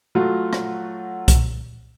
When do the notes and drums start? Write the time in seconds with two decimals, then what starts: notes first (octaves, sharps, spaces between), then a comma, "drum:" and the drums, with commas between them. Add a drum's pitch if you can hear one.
0.15 F#3 A3 F4 F#4
0.53 drum: rim click
1.28 drum: kick B1, hi-hat